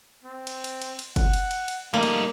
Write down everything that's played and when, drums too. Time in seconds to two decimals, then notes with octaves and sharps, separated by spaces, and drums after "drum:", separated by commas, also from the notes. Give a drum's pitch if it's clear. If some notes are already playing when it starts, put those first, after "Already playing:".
0.24 C4
0.47 drum: cymbal
0.64 drum: cymbal
0.82 drum: cymbal
0.99 drum: cymbal
1.16 F#5, drum: kick, cymbal
1.33 drum: cymbal
1.51 drum: cymbal
1.68 drum: cymbal
1.94 G3 A3 A#3 D#4
2.03 drum: cymbal